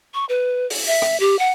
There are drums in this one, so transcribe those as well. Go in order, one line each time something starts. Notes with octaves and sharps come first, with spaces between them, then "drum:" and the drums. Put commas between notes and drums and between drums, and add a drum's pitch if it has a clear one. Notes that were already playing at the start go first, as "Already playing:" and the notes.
C#6
B4
drum: open hi-hat
E5
drum: rim click
G4
F#5